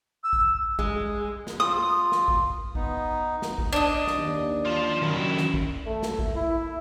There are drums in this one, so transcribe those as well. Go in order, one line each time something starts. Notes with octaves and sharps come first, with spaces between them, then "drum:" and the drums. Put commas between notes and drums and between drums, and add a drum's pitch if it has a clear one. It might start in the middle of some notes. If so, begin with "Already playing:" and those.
E6
drum: kick
G#3, drum: kick
drum: snare
F4 D#6
drum: snare
drum: kick
B3 D#4, drum: kick
drum: snare
drum: kick
D4 D#5
drum: snare
D#2
F4 A5
F#2 D#3 E4
drum: snare
drum: kick
A3
drum: snare
drum: kick
E4